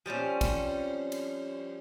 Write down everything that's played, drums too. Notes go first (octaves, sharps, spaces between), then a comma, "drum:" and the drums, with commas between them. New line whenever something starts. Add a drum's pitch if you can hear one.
F3 G3 C4 C#4
drum: kick, cymbal
drum: cymbal